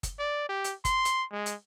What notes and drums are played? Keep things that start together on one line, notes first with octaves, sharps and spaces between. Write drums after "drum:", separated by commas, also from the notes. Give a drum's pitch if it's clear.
drum: kick, hi-hat
D5
G4
drum: hi-hat
C6, drum: kick, hi-hat
drum: hi-hat
G#3
drum: hi-hat